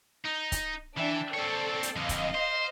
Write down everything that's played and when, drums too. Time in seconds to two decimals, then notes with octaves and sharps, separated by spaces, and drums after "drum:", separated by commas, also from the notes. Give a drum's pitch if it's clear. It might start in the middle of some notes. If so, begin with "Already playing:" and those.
0.25 D#4
0.52 drum: kick C#1, hi-hat
0.97 E3 D4 E5 G5
1.34 C4 A4 C#5 D5
1.83 drum: hi-hat
1.96 F2 D3 D#5 F5
2.09 drum: kick C#1, hi-hat
2.35 C5